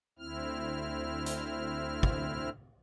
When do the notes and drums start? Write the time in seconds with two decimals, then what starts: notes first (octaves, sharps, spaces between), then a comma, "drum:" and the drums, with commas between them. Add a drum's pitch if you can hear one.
0.19 D2 C4 E4 F6
1.26 drum: hi-hat
2.03 drum: kick